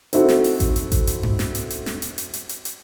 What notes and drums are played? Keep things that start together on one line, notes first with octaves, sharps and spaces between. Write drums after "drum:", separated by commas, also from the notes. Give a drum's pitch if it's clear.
C4 D#4 E4 F#4 A4, drum: hi-hat
drum: snare
drum: open hi-hat
drum: kick A1, hi-hat
drum: hi-hat
drum: kick A1, hi-hat
drum: hi-hat
drum: tom G2
drum: snare
drum: hi-hat
drum: hi-hat
drum: snare
drum: hi-hat
drum: hi-hat
drum: hi-hat
drum: hi-hat
drum: hi-hat